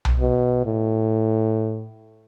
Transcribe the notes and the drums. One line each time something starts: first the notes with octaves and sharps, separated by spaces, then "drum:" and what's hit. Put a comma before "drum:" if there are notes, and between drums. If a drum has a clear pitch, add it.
drum: tom B1
B2
A2